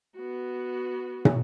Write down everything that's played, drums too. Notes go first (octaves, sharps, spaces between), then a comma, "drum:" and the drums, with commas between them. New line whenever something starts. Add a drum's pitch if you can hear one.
B3 F#4
drum: tom